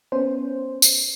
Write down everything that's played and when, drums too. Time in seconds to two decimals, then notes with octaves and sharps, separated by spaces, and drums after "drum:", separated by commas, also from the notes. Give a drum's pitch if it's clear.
0.12 B3 C#4 C5
0.82 drum: tambourine